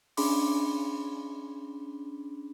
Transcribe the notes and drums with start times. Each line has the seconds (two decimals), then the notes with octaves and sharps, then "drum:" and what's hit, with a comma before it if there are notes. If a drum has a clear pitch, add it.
0.17 C#4 D4 G#4 B5 C6 D6, drum: open hi-hat